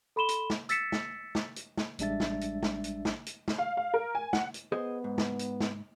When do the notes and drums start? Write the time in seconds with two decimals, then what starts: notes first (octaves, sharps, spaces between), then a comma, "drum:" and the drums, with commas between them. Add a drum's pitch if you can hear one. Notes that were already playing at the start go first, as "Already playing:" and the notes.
0.16 A4 B5 C6 E7 G7
0.29 drum: hi-hat
0.50 drum: snare
0.69 E6 A6 B6 C#7 E7, drum: hi-hat
0.92 drum: snare
1.35 drum: snare
1.56 drum: hi-hat
1.77 drum: snare
1.99 A1 G3 G#3 D4 E5 A6, drum: hi-hat
2.20 drum: snare
2.41 drum: hi-hat
2.63 drum: snare
2.84 drum: hi-hat
3.05 drum: snare
3.26 drum: hi-hat
3.48 drum: snare
3.58 F5
3.77 F5
3.94 A#4
4.15 G#5
4.33 F#5, drum: snare
4.54 drum: hi-hat
4.72 B3 G#4 C5 D#5
5.04 G#2
5.18 drum: snare
5.39 drum: hi-hat
5.60 drum: snare